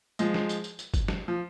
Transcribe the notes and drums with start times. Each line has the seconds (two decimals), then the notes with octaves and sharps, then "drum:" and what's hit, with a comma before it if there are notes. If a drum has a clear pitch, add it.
0.19 F3 G#3, drum: tambourine
0.34 drum: snare
0.49 drum: tambourine
0.64 drum: tambourine
0.79 drum: tambourine
0.94 drum: kick F#1, tambourine
1.08 drum: snare
1.28 F3